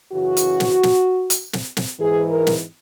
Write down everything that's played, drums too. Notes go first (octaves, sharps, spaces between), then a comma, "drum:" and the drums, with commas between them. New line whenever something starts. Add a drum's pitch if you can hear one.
F#2 C#3 E3 F#4
drum: hi-hat
drum: snare
drum: snare
drum: hi-hat
drum: snare
drum: snare
G#2 E3 G#4
A#4
drum: snare